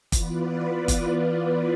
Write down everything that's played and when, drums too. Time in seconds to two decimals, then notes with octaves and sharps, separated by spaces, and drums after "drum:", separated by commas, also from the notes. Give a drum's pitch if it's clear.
0.12 E3 B3 F4 B4 D5, drum: kick, hi-hat
0.88 drum: kick, hi-hat